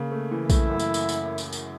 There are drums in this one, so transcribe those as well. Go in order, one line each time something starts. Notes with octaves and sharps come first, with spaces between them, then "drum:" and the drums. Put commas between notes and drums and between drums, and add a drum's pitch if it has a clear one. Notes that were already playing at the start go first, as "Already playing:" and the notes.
Already playing: C#3 A#3
A3
E3
A3 E4, drum: kick A#1, tambourine
F#2
drum: tambourine
drum: tambourine
drum: tambourine
drum: tambourine
drum: tambourine